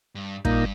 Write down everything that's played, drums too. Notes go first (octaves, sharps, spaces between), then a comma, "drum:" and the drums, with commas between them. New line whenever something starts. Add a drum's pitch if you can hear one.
G2
G2 A#2 A#3 D#4, drum: kick